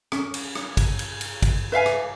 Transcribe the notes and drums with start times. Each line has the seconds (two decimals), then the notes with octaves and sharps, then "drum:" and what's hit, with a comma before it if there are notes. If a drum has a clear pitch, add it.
0.12 C#4, drum: rim click
0.34 drum: cymbal
0.55 drum: rim click
0.77 drum: kick, cymbal
0.99 drum: cymbal
1.21 drum: cymbal
1.42 drum: kick, cymbal
1.72 B4 E5 F5 G#5
1.86 drum: rim click